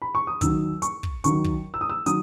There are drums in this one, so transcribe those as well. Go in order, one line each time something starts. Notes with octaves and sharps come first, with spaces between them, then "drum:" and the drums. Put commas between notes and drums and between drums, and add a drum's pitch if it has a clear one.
B5
C#6
D#6
D#2 D#3 F#3 E6, drum: kick, hi-hat
C#6, drum: hi-hat
drum: kick
D#2 D#3 F#3 C#6, drum: hi-hat
drum: kick
E6
D#6
E6
D#3 F#3 D#6, drum: hi-hat